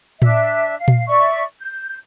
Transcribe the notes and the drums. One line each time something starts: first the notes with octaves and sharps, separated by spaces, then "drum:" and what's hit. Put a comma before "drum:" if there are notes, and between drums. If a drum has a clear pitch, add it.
D4 E5, drum: tom A2
F5
drum: tom A#2
D5 E5 C#6
G6